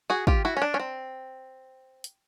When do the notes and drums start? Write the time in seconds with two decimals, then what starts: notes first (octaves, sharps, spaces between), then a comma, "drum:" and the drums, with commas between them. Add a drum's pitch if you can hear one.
0.10 F#4 G#4
0.27 F4 G4, drum: kick
0.45 E4 F#4
0.57 C#4
0.62 D4
0.74 C#4
0.80 C4
2.04 drum: hi-hat